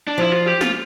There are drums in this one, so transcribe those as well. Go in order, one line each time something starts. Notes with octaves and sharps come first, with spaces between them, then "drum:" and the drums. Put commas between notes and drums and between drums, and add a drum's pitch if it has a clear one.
D4
F3 E4
F4
G4
F4, drum: snare